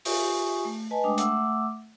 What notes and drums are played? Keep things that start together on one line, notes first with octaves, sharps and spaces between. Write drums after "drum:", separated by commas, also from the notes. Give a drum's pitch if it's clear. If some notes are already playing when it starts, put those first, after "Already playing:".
F4 G4 E5 G#5 C#6 D#6, drum: open hi-hat
A3
B4 D#5 G#5 A5
G#3 A3 D4 G5 D6 D#6
A3 E5 F#5 D6 E6, drum: hi-hat